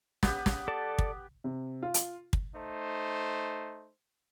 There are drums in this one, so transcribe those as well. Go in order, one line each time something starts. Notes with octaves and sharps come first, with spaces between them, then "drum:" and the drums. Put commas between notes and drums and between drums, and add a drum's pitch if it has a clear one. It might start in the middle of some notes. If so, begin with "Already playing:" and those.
B3 G4, drum: snare
drum: snare
A4 D5 A5
drum: kick
C3
F4
drum: hi-hat
drum: kick
A3 D#4 C5